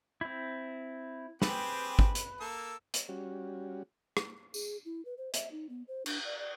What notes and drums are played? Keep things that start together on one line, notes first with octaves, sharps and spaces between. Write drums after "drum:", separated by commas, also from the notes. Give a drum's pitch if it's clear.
C4 E4
C4 G4 G#4 B4, drum: snare
drum: kick
drum: hi-hat
A#3 A4 E6
drum: hi-hat
G3 C#4 F#4
drum: rim click
G#4, drum: tambourine
E4
B4
C5
E5, drum: hi-hat
D#4
B3
C5
D4, drum: cymbal
D5
D5